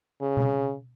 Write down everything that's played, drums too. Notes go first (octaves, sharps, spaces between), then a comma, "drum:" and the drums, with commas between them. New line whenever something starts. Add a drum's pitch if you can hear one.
C#3
drum: tom B2